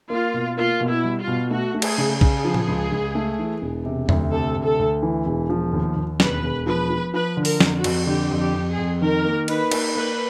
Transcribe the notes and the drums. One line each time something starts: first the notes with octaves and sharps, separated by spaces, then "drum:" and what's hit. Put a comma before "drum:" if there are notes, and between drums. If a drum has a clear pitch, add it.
A#3 F4
B2
A#3 F4
B2
E4
G3
F4
B2
A3 F#4
A3
G#4, drum: cymbal
C#3
G#4
C#3, drum: kick
F3
drum: tom A2
C#2
C#2
A3
E3
E1
C3
D2, drum: tom E2
C3 A4
D2
A4
D2
E3
E1
F3
D#2
D#2
E1 B4, drum: snare
E1
F3 B4
F3
F3 B4
D3
A#4, drum: open hi-hat
F2, drum: snare
F#4
F2, drum: cymbal
D3 G4
F2
G4
F2
G#4
F2
D#3 A#4
A#3
D#4 B4, drum: cymbal
A#3, drum: cymbal
A#3 B4